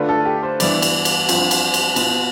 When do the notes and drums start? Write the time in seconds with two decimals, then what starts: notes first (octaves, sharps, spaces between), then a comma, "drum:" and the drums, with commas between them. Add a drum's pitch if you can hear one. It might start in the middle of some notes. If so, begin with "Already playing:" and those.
Already playing: D3 A3 D4 F4 B4
0.09 A4
0.25 G4
0.43 C5
0.60 G2 E3 B3 E4 D5, drum: cymbal
0.82 drum: cymbal
1.05 drum: cymbal
1.29 G2 F3 C4 F4, drum: cymbal
1.51 drum: cymbal
1.74 drum: cymbal
1.96 B2 B3 F4, drum: cymbal